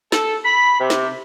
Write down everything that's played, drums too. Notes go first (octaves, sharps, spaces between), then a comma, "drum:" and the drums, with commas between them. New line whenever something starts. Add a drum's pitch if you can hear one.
A4, drum: snare
B5
C3
drum: snare